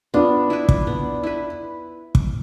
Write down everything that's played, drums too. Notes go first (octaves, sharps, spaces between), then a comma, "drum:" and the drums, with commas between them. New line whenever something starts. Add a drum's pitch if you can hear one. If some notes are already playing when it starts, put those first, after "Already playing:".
B3 D4 F4
E4 B4
drum: kick
B3
E4 B4
drum: kick